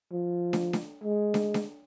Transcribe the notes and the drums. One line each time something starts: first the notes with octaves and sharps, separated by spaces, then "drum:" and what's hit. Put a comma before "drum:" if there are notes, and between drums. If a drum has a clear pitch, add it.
F3
drum: snare
drum: snare
G#3
drum: snare
drum: snare